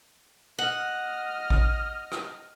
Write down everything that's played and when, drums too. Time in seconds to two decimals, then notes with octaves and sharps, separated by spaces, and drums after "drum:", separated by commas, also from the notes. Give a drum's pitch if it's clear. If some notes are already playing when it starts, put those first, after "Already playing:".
0.59 D#5 F#5 F6
1.50 drum: kick A1
2.12 drum: rim click